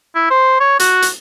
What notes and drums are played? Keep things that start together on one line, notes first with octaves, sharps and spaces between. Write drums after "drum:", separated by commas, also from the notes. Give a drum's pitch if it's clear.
E4
C5
C#5
F#4, drum: hi-hat
drum: hi-hat